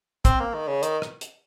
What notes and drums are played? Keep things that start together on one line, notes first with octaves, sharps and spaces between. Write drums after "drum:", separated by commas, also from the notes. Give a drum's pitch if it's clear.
C4, drum: kick, hi-hat
A#3
D#3
C#3
D#3, drum: hi-hat
drum: rim click
drum: hi-hat